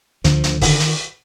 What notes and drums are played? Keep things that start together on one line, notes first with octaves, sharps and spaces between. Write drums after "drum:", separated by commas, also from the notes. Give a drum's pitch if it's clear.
D2 D3 F3, drum: hi-hat
D2, drum: hi-hat
D3 D#3, drum: kick, open hi-hat
drum: hi-hat